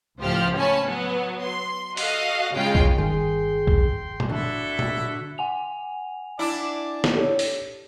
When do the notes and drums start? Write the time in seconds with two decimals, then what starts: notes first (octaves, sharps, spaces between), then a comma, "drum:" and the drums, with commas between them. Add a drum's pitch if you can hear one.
0.20 C#2 A2 F3 G4 C5 F6
0.56 C#4 C#5 G#5 A5 B5
0.86 F#3 B3
1.41 C6
1.97 F#4 A4 D#5 F5, drum: open hi-hat
2.53 C#3 G#3 C#4 F4 G5 C7
2.75 drum: kick B1
2.98 G1 D#3 G#4 G5 C6
3.67 drum: kick B1
4.20 drum: tom A#2
4.29 D3 D4 E4 F#4 A4 E5
4.79 drum: tom A#2
5.38 F#5 G#5 F7
6.39 D4 E4 D5
7.04 drum: snare
7.14 G4 A4 C#5
7.39 drum: open hi-hat